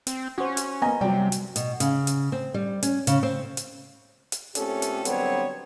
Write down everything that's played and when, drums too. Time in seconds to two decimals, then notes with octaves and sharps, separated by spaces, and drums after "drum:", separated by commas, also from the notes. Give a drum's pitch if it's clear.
0.07 C4, drum: hi-hat
0.38 C#4 F#4 C5
0.57 drum: hi-hat
0.82 A#3 B3 D#5 G#5 A#5
1.01 C3 F#3 G3 D5 G5
1.32 drum: hi-hat
1.56 B2, drum: hi-hat
1.80 C#3, drum: hi-hat
2.07 drum: hi-hat
2.32 C4
2.54 G3
2.83 C#4, drum: hi-hat
3.07 C#3, drum: hi-hat
3.23 C4
3.57 drum: hi-hat
4.32 drum: hi-hat
4.55 A#2 A3 C4 C#4 G4 A4, drum: hi-hat
4.82 drum: hi-hat
5.05 D3 F#3 G3 B3 C4 C#5, drum: hi-hat